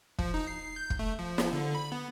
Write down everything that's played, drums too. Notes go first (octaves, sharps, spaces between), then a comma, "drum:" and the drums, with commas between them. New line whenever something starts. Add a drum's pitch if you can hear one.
F3, drum: kick
D#4
C7
G6
drum: kick
A3
F3
drum: snare
D3
B5
B3